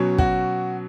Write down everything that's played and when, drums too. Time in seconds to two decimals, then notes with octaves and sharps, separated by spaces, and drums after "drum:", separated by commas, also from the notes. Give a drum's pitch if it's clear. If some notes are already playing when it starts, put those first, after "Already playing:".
Already playing: B2 F#3 C#4
0.19 F#4, drum: kick